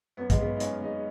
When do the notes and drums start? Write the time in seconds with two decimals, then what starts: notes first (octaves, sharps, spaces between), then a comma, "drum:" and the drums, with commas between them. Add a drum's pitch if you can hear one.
0.17 F#2 B3
0.30 G#3, drum: kick, hi-hat
0.38 C#3 B3
0.56 D#4
0.60 F#2 C#4, drum: hi-hat
0.81 C#3 D#4